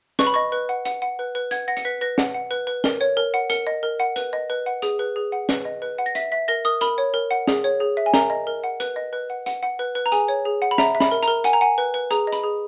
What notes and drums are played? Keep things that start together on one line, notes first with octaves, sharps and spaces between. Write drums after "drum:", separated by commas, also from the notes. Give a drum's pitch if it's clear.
B4 C#6, drum: snare
B5
D#5 C#6
B4
F#5
F#5, drum: hi-hat
F#5
B4
B4
F#5 G#6, drum: hi-hat
F#5 A#6
C#7, drum: hi-hat
B4 B6
B4 A#6
F#5, drum: snare
F#5
B4
B4
A#4, drum: snare
C#5
A#4
F#5
A#4 C#7, drum: hi-hat
D#5
A#4
F#5
B4, drum: hi-hat
D#5
B4
F#5
G#4, drum: hi-hat
B4
G#4
F#5
B4, drum: snare
D#5
B4
F#5
A#6
E5 B6, drum: hi-hat
E5 B6
A#4 A#6
A#4 D#6
A#4 B5, drum: hi-hat
C#5
A#4
F#5
G#4, drum: snare
C#5
G#4
E5
G#5
A#4 A#5, drum: snare
D#5
A#4
F#5
B4, drum: hi-hat
D#5
B4
F#5
F#5, drum: hi-hat
F#5
B4
B4
A#5
G#4 G#5, drum: hi-hat
C#5
G#4
F#5
B5
E5 A#5, drum: snare
E5
B5, drum: snare
A#4
A#5, drum: hi-hat
A#4
F#5 G#5, drum: hi-hat
A#5
F#5 G#5
B4
B4
G#4 A#5, drum: hi-hat
D#5
B5, drum: hi-hat
G#4